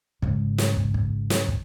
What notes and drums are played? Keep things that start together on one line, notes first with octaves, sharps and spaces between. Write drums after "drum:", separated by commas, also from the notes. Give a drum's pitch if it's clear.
G#2 C#3, drum: kick
drum: snare
drum: kick
drum: kick
drum: snare
drum: kick